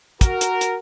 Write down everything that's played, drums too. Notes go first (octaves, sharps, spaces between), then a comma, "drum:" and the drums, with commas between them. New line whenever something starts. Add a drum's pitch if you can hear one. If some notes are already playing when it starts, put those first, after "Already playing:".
F#4 A#4, drum: kick, hi-hat
drum: hi-hat
drum: hi-hat